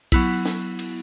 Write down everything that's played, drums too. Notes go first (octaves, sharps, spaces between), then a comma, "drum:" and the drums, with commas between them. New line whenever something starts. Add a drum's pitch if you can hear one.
F#3 B3 E4, drum: kick B1, cymbal
drum: snare
drum: cymbal